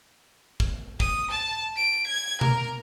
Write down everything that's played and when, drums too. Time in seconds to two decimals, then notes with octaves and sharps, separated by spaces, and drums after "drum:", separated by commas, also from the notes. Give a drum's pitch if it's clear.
0.60 drum: kick
1.00 D#6, drum: kick
1.30 A5
1.77 D7
2.07 G#6
2.41 A#4, drum: tom B2